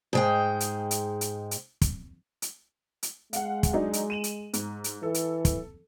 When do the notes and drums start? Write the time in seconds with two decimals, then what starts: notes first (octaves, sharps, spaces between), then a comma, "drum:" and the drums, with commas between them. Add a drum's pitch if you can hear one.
0.13 G#2 G#3 G5
0.60 drum: hi-hat
0.91 drum: hi-hat
1.21 drum: hi-hat
1.51 drum: hi-hat
1.82 drum: kick, hi-hat
2.42 drum: hi-hat
3.03 drum: hi-hat
3.33 G#3 F5 F#5, drum: hi-hat
3.63 drum: kick, hi-hat
3.73 F#3 D4 D#4
3.93 drum: hi-hat
4.10 D#7 E7 F#7
4.24 drum: hi-hat
4.53 G#2, drum: hi-hat
4.84 drum: hi-hat
5.03 E3 A4
5.14 drum: hi-hat
5.45 drum: kick, hi-hat